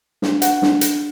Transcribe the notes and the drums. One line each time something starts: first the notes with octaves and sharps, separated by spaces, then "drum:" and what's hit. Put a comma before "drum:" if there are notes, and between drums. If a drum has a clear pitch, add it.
D4, drum: snare
F#5, drum: hi-hat
D4, drum: snare
drum: hi-hat